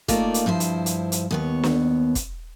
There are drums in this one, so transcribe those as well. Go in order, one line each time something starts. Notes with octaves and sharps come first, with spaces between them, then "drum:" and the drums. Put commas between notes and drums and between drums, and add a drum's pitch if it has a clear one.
A3 A#3 D#4 F4 D5, drum: kick, hi-hat
drum: hi-hat
G2 F3 E4 C5
drum: hi-hat
drum: hi-hat
drum: hi-hat
D#2 B3 C#5
drum: snare
drum: kick, hi-hat